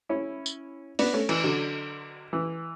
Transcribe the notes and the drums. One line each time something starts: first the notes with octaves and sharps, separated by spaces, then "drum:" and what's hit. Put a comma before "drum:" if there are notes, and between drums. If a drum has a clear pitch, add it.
C#4 E4
drum: tambourine
B3 D4, drum: open hi-hat
A3 C#4
E3, drum: cymbal
D3 F#3
E3